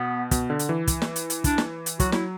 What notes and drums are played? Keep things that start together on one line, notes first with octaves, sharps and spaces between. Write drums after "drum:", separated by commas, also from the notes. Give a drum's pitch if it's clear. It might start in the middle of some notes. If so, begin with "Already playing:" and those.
Already playing: B2 B3
B2, drum: kick, hi-hat
D3
drum: hi-hat
E3
drum: kick, hi-hat
drum: snare
drum: hi-hat
drum: hi-hat
D4, drum: kick, hi-hat
drum: snare
drum: hi-hat
F#3 F#4, drum: kick, hi-hat
E4, drum: snare